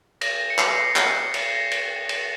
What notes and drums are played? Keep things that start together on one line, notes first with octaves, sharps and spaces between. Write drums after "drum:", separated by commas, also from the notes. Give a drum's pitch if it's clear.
A#6, drum: cymbal
C#7
C7, drum: clap
C7
C#7, drum: clap
C7, drum: cymbal
A#6
drum: cymbal
drum: cymbal